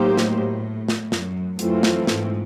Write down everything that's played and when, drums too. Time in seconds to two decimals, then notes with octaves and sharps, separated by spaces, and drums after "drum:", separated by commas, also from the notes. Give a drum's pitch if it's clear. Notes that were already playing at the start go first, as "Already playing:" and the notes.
Already playing: A2 F#3 A#3 D#4 G4 C5
0.17 drum: snare
0.88 drum: snare
1.12 F#2, drum: snare
1.59 F#2 E3 A3 C4 F4, drum: hi-hat
1.83 drum: snare
2.07 G#2, drum: snare